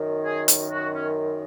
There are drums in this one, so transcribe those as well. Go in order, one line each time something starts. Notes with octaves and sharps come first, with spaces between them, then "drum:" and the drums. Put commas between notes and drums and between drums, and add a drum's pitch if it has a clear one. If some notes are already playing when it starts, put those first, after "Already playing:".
Already playing: F#2 D#3
G#4
drum: hi-hat
F#4
C#4